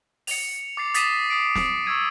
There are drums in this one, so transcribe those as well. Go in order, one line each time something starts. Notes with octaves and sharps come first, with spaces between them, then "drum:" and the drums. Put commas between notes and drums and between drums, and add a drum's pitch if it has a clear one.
C#7 F7, drum: open hi-hat
D6 A6 C7
D#6 A6 B6 C7 D#7 E7, drum: hi-hat
D#6 C7 D7
drum: snare
C#6 E6 G#6 D#7